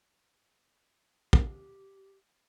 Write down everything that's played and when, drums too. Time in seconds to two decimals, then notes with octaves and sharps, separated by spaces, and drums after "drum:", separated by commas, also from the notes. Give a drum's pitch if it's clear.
1.33 G4, drum: kick